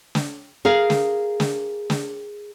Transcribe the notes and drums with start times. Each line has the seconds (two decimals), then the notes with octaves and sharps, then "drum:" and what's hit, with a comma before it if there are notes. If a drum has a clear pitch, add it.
0.15 drum: snare
0.65 G#4 A#4 F5
0.90 drum: snare
1.40 drum: snare
1.90 drum: snare